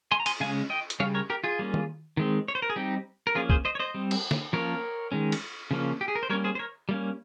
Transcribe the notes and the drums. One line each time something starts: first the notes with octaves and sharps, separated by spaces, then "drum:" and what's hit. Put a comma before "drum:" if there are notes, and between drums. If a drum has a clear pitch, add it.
G#5 C6
A#5
G#5 C6, drum: cymbal
C#3 G#3 C#4 F5 G#5
D#5 G5
drum: hi-hat
C#3 G3 C#4 C#5 F5
A#4 C#5
G4 A#4
F4 G#4
G3 A#3 C#4
drum: tom D#3
D#3 G#3 C4
C#5
C5
A#4
G#4
G3 C4 D#4 G4
A#4
F3 A#3 C#4 F4 G#4
G#4 C5, drum: kick
C5 D#5
C#5
C5 D#5
G3 C4
drum: cymbal
drum: snare
F3 A#3 C#4 A#4 C#5
D#3 G#3 C#4
drum: cymbal
C#3 F3 A#3 C#4
G4
G#4
A#4
C5
G3 A#3 C#4 A#4 C#5
G#4 C5
C5
A#4 C#5
G3 A#3 C#4